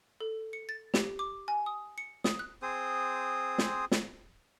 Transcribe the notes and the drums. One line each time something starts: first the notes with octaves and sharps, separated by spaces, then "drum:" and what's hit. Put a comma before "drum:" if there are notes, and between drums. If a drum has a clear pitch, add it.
A4
C#7
A6
G4, drum: snare
D6
G#5
D#6
C#7
D#6, drum: snare
F#6
C4 G#4 C5 D#6
drum: snare
drum: snare